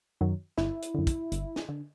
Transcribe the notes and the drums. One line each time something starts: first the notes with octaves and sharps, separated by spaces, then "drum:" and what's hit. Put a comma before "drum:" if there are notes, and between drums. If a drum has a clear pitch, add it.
F#2 D#3 F#3
G1 E4, drum: snare
drum: hi-hat
F#2 D3
drum: kick, hi-hat
G1, drum: hi-hat
drum: snare
D3